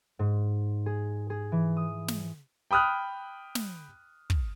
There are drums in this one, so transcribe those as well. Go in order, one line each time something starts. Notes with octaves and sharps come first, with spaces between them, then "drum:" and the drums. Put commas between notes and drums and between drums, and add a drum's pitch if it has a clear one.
G#2
G#4
G#4
E3
D#6
drum: snare
G5 B5 D#6 F6 F#6
drum: snare
drum: kick